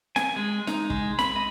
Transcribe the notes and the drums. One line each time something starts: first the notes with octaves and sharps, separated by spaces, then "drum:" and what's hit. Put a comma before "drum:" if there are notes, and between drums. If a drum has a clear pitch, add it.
G#5, drum: snare
G#3
D#4, drum: snare
G#3, drum: kick
B5, drum: snare
D#5